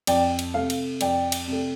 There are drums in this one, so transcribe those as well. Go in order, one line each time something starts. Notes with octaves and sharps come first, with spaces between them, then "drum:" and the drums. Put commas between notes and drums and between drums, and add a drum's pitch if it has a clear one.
F2 D5 G5, drum: cymbal
drum: cymbal
C3 A3 F5
drum: cymbal
F2 D5 G5, drum: cymbal
drum: cymbal
C3 A3